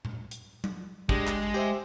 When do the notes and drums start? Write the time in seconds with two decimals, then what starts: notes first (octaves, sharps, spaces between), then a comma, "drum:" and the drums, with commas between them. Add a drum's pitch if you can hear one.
0.05 drum: tom A#2
0.31 drum: hi-hat
0.64 drum: tom F#3
1.09 G#3 D4 G4, drum: kick
1.27 drum: clap
1.54 G4 C5 E5, drum: tambourine